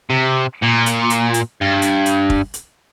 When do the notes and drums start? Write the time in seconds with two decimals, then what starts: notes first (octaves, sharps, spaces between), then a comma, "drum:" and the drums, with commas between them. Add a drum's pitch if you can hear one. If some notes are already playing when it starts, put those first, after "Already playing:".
0.10 C3
0.62 A#2
0.86 drum: hi-hat
1.10 drum: hi-hat
1.34 drum: hi-hat
1.61 G2
1.82 drum: hi-hat
2.06 drum: hi-hat
2.30 drum: kick
2.54 drum: hi-hat